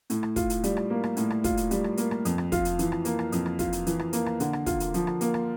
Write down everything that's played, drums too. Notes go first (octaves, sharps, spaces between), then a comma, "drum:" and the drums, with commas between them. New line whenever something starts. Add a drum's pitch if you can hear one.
A2, drum: hi-hat
drum: rim click
F4, drum: kick, hi-hat
drum: hi-hat
G3, drum: hi-hat
drum: rim click
A#3
drum: rim click
A2, drum: hi-hat
drum: rim click
F4, drum: kick, hi-hat
drum: hi-hat
G3, drum: hi-hat
drum: rim click
A#3, drum: hi-hat
drum: rim click
F2, drum: hi-hat
drum: rim click
F4, drum: kick, hi-hat
drum: hi-hat
E3, drum: hi-hat
drum: rim click
A#3, drum: hi-hat
drum: rim click
F2, drum: hi-hat
drum: rim click
F4, drum: kick, hi-hat
drum: hi-hat
E3, drum: hi-hat
drum: rim click
A#3, drum: hi-hat
drum: rim click
D3, drum: hi-hat
drum: rim click
F4, drum: kick, hi-hat
drum: hi-hat
F3, drum: hi-hat
drum: rim click
A#3, drum: hi-hat
drum: rim click